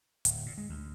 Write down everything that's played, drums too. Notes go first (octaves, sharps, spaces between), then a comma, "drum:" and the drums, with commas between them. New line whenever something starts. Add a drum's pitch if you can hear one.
D1, drum: hi-hat
A#2
G#3
D2